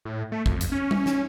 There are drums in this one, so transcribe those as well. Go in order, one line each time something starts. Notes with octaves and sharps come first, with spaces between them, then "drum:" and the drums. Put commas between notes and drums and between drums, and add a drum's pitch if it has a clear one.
A2
A3
F2, drum: kick
drum: hi-hat
C#4
drum: tom G3
drum: snare